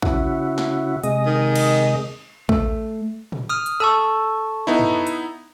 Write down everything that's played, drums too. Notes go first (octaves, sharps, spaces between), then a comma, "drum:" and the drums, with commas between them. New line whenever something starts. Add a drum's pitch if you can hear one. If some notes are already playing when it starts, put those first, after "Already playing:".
C#3 E4 F#4, drum: kick
drum: snare
C3 G#3 D#5, drum: hi-hat
D#3
drum: cymbal
A3, drum: kick
drum: tom
D#6 F6
drum: hi-hat
A4 A5 C#6 E6
B3 D#4 E4
drum: tom
drum: hi-hat